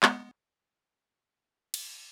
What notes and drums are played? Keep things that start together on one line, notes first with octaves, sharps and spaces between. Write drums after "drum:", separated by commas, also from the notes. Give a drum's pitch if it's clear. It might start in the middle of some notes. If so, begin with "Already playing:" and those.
G#3 B3, drum: clap
drum: cymbal